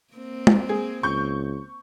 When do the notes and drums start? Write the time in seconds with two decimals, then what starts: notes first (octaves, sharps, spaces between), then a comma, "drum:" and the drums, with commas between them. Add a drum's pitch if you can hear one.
0.13 A#3 C4
0.47 drum: tom G#3
0.69 G#4
1.03 C#2 C#6 G6